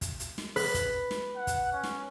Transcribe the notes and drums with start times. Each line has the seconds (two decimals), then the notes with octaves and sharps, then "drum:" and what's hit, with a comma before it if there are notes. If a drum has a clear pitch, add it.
0.01 drum: kick, hi-hat
0.20 drum: hi-hat
0.38 drum: snare
0.56 B4, drum: open hi-hat
0.74 drum: kick, hi-hat
1.11 drum: snare
1.36 F#5
1.47 drum: kick, hi-hat
1.73 C#4
1.83 drum: snare